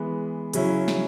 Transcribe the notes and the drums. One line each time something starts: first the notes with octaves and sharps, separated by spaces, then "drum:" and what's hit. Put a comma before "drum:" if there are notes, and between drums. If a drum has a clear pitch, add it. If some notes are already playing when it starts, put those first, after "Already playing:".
Already playing: E3 G#3 B3
C#3 F#3 C#4 E4, drum: hi-hat
drum: snare